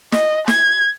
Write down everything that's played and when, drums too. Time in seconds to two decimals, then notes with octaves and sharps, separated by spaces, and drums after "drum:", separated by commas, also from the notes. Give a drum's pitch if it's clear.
0.12 D#5, drum: snare
0.48 G#6, drum: snare